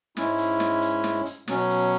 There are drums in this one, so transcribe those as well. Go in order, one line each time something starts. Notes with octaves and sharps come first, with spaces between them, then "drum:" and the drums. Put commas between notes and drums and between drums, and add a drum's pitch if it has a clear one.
G#2 G#3 C#4 E4, drum: snare
drum: hi-hat
drum: snare
drum: hi-hat
drum: snare
drum: hi-hat
B2 F#3 C#4, drum: snare
drum: hi-hat